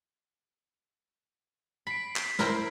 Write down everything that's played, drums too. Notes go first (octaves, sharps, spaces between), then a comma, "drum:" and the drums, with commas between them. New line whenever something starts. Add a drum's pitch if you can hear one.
B5 B6 C7 D7
drum: clap
E4 A#4 C5, drum: snare